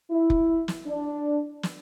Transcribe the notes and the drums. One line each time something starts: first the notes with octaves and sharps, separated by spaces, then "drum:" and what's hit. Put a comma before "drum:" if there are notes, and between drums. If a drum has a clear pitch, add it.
E4
drum: kick F1
drum: snare
D4
drum: snare